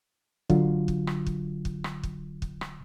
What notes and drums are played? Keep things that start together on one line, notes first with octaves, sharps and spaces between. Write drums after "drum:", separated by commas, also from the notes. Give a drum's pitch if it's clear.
D3 F#3 F4, drum: kick
drum: kick
drum: rim click
drum: kick
drum: kick
drum: rim click
drum: kick
drum: kick
drum: rim click